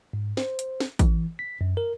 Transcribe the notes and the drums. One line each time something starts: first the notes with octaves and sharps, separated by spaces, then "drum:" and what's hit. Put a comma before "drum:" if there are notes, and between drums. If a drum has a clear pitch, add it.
G#2
C5, drum: snare
drum: hi-hat
drum: snare
E3, drum: kick, hi-hat
B6
F#2
A#4